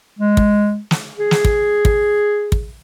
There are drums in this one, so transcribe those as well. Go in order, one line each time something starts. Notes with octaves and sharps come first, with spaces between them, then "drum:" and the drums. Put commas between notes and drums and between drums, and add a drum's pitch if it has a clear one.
G#3
drum: kick
drum: snare
G#4
drum: snare
drum: kick
drum: kick
drum: kick